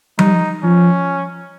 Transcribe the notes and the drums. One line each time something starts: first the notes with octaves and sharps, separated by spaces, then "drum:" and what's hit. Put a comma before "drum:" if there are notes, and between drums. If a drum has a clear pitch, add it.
G3 D#4, drum: tom F3
F3 C#4